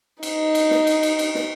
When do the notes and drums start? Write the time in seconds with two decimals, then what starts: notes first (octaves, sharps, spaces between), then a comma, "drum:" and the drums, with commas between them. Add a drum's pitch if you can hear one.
0.23 D#4, drum: cymbal
0.55 drum: cymbal
0.71 drum: snare
0.87 drum: cymbal
1.03 drum: cymbal
1.19 drum: cymbal
1.35 drum: snare